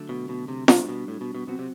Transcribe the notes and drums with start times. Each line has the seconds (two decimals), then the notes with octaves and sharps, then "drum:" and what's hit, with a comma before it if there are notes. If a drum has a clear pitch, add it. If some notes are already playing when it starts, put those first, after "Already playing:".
Already playing: D3 F#3 A3
0.09 B2
0.29 B2
0.48 C3
0.68 C3 G3 D4 F#4, drum: snare F4
0.83 A2
0.89 B2
1.08 A2
1.21 B2
1.35 B2
1.47 B2 F#3 C4 F#4
1.59 C3